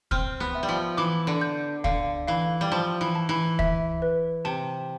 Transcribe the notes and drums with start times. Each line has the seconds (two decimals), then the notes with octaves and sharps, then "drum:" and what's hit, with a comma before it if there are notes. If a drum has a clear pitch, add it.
0.11 C4 F6, drum: kick
0.40 B3
0.55 E5
0.63 G3
0.69 F3
0.97 E3 D6
1.27 D3
1.41 G6
1.84 D3 F5, drum: kick
2.28 E3 F5
2.61 G3
2.72 F3 A5
3.01 E3
3.15 A5
3.29 E3
3.59 E5, drum: kick
4.02 B4
4.45 C3 A5